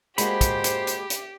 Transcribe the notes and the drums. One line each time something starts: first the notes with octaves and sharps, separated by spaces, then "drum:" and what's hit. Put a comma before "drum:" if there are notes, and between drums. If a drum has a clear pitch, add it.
G#3 A#3 F#4 G4 C5 B5, drum: hi-hat
drum: kick, hi-hat
drum: hi-hat
drum: hi-hat
drum: hi-hat